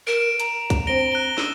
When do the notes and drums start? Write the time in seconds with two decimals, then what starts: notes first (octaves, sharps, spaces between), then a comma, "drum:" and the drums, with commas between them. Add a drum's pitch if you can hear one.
0.07 A#4 D7 E7
0.22 D7
0.40 A#5, drum: hi-hat
0.70 drum: kick, hi-hat
0.87 C4 D4 A#6 D7 G7
1.12 F#6 G7
1.38 E6 D#7 E7, drum: snare